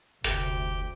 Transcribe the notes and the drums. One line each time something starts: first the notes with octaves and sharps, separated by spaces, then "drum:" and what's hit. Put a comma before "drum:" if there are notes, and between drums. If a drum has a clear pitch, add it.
F1 D2 C3 G4, drum: hi-hat